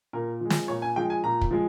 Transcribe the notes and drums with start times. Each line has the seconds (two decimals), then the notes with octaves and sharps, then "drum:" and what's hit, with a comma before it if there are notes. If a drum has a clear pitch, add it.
0.13 A#2 A#4
0.41 F3 G#3
0.50 drum: snare
0.68 A#2 C#5
0.82 G#5
0.96 F3 G#3 G5
1.10 G#5
1.24 A#2 A#5
1.41 drum: kick
1.51 F3 G#3